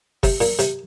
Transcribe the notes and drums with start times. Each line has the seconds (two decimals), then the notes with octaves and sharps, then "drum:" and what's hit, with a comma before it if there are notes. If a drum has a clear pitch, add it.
0.23 C3, drum: kick G1, open hi-hat
0.41 A#2, drum: open hi-hat
0.59 C3, drum: hi-hat